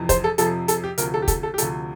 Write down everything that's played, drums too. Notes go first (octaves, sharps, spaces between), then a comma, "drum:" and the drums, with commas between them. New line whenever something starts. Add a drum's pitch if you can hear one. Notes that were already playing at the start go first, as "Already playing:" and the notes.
Already playing: F2 C3 E3
C5, drum: kick, hi-hat
A4
F2 C3 F3 A4, drum: hi-hat
A4, drum: hi-hat
G4
D2 C3 F3 A#4, drum: hi-hat
A4
G4
A4, drum: kick, hi-hat
A4
G4
D2 C3 F3 A4, drum: hi-hat